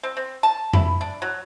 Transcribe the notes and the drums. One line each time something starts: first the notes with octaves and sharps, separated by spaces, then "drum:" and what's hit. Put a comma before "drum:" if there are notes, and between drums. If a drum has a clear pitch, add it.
C4
C4
A5
E4, drum: tom F2
D4
F#3